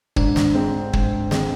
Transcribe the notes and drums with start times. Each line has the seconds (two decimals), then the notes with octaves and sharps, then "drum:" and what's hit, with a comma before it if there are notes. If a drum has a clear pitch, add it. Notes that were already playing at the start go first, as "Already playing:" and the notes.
0.16 G#2 D4, drum: kick
0.36 drum: snare
0.55 G#3 C4
0.93 G#2, drum: kick
1.31 G#3 C4, drum: snare